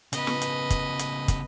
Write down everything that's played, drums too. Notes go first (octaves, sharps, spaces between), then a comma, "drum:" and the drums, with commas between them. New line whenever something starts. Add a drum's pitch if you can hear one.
C#3 B3 B4 D#5, drum: hi-hat
drum: snare
drum: hi-hat
drum: kick, hi-hat
drum: hi-hat
drum: kick, hi-hat